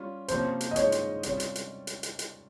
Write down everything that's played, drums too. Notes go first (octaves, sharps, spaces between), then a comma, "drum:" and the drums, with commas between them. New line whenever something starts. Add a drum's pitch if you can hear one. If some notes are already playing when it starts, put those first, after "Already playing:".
Already playing: G3 C#4 F4
C3 F3 A#3 C#4 C5, drum: hi-hat
drum: hi-hat
D#5
D#3 G#3 C#4 F4 C#5, drum: hi-hat
drum: hi-hat
C3 G3 C#4 F4 C#5, drum: hi-hat
drum: hi-hat
drum: hi-hat
drum: hi-hat
drum: hi-hat
drum: hi-hat